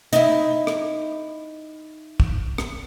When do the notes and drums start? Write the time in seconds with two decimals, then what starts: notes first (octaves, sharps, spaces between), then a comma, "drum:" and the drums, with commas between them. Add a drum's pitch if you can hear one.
0.13 D#4 E4, drum: hi-hat
0.67 drum: rim click
2.20 drum: kick
2.58 drum: rim click